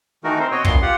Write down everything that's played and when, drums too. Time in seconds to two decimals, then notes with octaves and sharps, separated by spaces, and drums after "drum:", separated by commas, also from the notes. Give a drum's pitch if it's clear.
0.24 D#3 E3 A3 D#4 F#4 A#4
0.39 C4 C5
0.51 B2 C4 F#4 C#5 D#5 G5
0.65 F#2 A#2 B3 C6, drum: kick
0.82 F4 G4 F#5